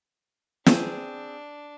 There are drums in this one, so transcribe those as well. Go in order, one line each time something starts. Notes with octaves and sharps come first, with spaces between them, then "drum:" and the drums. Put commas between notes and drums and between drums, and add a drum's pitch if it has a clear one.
C4 D4 G#4, drum: snare